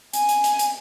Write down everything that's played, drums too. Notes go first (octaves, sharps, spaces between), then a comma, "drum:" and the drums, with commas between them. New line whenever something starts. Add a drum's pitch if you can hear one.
G#5, drum: hi-hat
drum: hi-hat
drum: hi-hat
drum: hi-hat